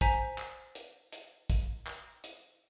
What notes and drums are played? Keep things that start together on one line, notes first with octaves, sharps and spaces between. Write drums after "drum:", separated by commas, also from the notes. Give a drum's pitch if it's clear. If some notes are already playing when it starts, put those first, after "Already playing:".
C5 G#5 A#5 B6, drum: kick, hi-hat
drum: clap
drum: hi-hat
drum: hi-hat
drum: kick, hi-hat
drum: clap
drum: hi-hat